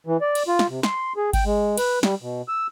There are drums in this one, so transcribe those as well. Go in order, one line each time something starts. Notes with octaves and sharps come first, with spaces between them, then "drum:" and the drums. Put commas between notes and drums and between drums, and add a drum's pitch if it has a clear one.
E3
D5
drum: cymbal
F4
drum: snare
C3
C6, drum: snare
G#4
G5, drum: kick G#1, cymbal
G#3
B4, drum: cymbal
G3, drum: snare
B2
E6